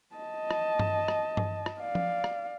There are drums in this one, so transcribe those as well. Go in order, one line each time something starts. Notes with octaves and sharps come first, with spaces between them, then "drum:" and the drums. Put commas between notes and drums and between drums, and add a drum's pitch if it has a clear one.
D#5 A5
drum: rim click
drum: tom G2
drum: rim click
drum: tom G2
drum: rim click
D5 F5
drum: tom F3
drum: rim click